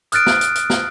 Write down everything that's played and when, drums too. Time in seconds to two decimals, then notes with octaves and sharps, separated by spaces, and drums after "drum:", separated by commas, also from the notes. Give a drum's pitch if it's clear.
0.12 D#6 F6 F#6 A6 D7, drum: hi-hat
0.26 drum: snare
0.41 drum: hi-hat
0.55 drum: hi-hat
0.70 drum: snare